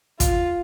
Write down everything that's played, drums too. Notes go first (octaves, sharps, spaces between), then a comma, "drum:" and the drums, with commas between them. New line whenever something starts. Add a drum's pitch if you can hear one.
F4, drum: kick, hi-hat